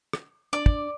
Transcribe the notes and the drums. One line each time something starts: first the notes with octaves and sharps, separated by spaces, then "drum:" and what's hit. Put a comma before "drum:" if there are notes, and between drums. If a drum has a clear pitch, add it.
drum: rim click
D4 D5 D6
drum: kick